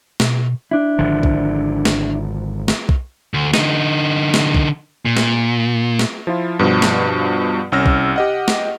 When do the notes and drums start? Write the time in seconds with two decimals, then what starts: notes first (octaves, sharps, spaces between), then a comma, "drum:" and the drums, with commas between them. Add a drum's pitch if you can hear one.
0.20 B2, drum: snare
0.71 D4 E4
0.99 G#1 D3 F3
1.23 drum: kick
1.85 drum: snare
2.68 drum: snare
2.89 drum: kick
3.34 D2
3.54 D3 D#4, drum: snare
4.34 drum: snare
4.54 drum: kick
5.06 A#2
5.17 drum: snare
5.99 drum: snare
6.27 F3 E4 F4
6.59 G2 B2 F3
6.82 drum: snare
7.72 C2 C#4 E6 F6 A#6
7.86 drum: kick
8.16 G4 D#5 F#5
8.48 drum: snare